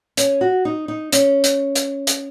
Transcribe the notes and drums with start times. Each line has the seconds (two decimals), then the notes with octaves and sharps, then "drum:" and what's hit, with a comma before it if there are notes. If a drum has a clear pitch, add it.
0.17 C#4, drum: hi-hat
0.41 F#4
0.65 D#4
0.88 D#4
1.12 C#4, drum: hi-hat
1.44 drum: hi-hat
1.75 drum: hi-hat
2.07 drum: hi-hat